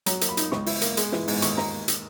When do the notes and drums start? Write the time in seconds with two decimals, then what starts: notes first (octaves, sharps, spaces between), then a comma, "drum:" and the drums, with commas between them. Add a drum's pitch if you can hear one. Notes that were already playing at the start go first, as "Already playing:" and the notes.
0.06 F#3 A#5, drum: hi-hat
0.21 A#3, drum: hi-hat
0.29 B5
0.37 D#4, drum: hi-hat
0.52 C#2 C#6, drum: snare
0.66 E4, drum: open hi-hat
0.81 A#3, drum: hi-hat
0.97 G#3, drum: hi-hat
1.12 E3, drum: snare
1.28 G#2, drum: open hi-hat
1.42 D#2 C#6, drum: hi-hat
1.57 A#5, drum: snare
1.88 drum: hi-hat